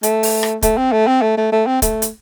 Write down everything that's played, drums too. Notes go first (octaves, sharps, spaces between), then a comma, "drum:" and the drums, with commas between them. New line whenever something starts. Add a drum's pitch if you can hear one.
A3, drum: hi-hat
drum: open hi-hat
drum: rim click
A3, drum: kick, hi-hat
C4
A3
C4
A3
A3
A3
C4
A3, drum: kick, hi-hat
drum: hi-hat